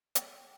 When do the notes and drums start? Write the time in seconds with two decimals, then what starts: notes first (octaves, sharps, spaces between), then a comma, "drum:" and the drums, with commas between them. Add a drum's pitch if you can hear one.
0.15 G5, drum: hi-hat